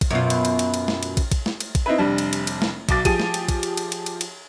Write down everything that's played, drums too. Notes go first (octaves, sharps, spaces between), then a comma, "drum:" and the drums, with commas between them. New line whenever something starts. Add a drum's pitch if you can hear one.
drum: kick, cymbal
F#2 B2 F4
drum: cymbal
drum: cymbal
drum: cymbal
drum: cymbal
drum: snare
drum: cymbal
drum: kick, cymbal
drum: kick, cymbal
drum: snare
drum: cymbal
drum: kick, cymbal
C4 D#4 E4 B4
F1 G3 D4
drum: cymbal
drum: cymbal
drum: cymbal
drum: snare
B1 B2 D6 A6, drum: kick, cymbal
F3 G4 G#4 D#7, drum: kick, cymbal
drum: snare
drum: cymbal
drum: kick, cymbal
drum: cymbal
drum: cymbal
drum: cymbal
drum: cymbal
drum: cymbal